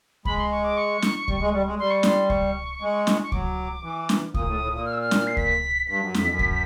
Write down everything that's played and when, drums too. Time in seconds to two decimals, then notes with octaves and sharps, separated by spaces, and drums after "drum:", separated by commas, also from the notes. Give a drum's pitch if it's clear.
0.25 G#3 B5, drum: kick C#2
0.38 C6
0.51 C#6
0.64 D6
0.77 C#6
1.02 drum: snare
1.28 G3, drum: kick C#2
1.41 G#3
1.54 G3
1.66 G#3
1.79 G3 C6
1.90 C#6
2.03 C6, drum: snare
2.30 C#6, drum: kick C#2
2.82 G#3
3.07 drum: snare
3.23 C#6
3.32 F#3 D6, drum: kick C#2
3.83 E3
4.09 drum: snare
4.34 A#2 D#6, drum: kick C#2
4.47 A2
4.60 A2
4.73 A#2
4.86 F6
4.93 E6
5.01 F6
5.11 drum: snare
5.27 C7
5.37 B6, drum: kick C#2
5.88 G2 B6
6.01 F#2
6.14 F2, drum: snare
6.27 F#2
6.39 drum: kick C#2